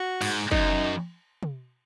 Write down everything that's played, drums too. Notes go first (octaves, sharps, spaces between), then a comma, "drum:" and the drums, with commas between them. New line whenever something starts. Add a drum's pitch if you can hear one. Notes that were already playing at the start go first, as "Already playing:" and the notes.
Already playing: F#4
G#2, drum: cymbal
F#2 D#4, drum: kick
drum: tom